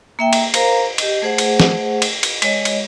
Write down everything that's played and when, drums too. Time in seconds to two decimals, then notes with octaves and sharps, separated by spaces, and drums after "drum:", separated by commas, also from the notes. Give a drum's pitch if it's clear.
0.19 A#3 E5 G5
0.33 drum: cymbal
0.54 A#4 C5 F5 A#5, drum: cymbal
0.98 G4 D#5, drum: cymbal
1.22 A3 G#4 C5 F#5
1.38 drum: cymbal
1.60 drum: snare
2.02 drum: cymbal
2.23 drum: cymbal
2.42 G#3 C#5 D#5, drum: cymbal
2.65 drum: cymbal